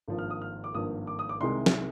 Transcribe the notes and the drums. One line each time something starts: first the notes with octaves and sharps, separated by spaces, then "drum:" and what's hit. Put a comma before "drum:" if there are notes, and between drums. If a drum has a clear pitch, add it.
G#1 G2 F3 A#3
F6
D#6
F6
D6
G#1 G2 F3 A#3 D#6
D6
D#6
D6
C2 C3 D#3 G#3 C6
drum: snare